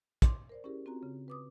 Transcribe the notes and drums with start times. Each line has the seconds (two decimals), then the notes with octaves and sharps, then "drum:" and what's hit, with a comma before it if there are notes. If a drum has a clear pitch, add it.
0.22 C6 D6, drum: kick, hi-hat
0.49 A#4 C5 D5
0.64 C#4 E4 G4 G#4 A#4
0.86 C4 F4 F#4 A#5
1.03 C#3
1.28 B4 D6 D#6